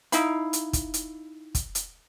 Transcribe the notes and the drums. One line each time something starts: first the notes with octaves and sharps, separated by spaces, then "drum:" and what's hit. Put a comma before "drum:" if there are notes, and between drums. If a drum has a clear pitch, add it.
D#4 E4 F5 B5, drum: hi-hat
drum: hi-hat
drum: kick, hi-hat
drum: hi-hat
drum: kick, hi-hat
drum: hi-hat